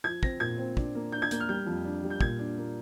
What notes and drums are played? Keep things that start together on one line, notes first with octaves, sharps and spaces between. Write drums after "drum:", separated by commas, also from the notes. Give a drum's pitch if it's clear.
F3 G#6
C4 A#6, drum: kick
A#2 G#6
C4
D4, drum: kick
A#3
D4 G6
G#6
A#3 G6, drum: hi-hat
F6
G3 G6
F2
D4
G3
G6
A#2 G#6, drum: kick
D4
A#3